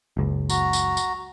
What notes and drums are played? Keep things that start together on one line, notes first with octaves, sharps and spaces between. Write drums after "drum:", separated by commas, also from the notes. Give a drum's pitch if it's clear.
F#1 C#2
F#4 A#5, drum: tambourine
drum: tambourine
drum: tambourine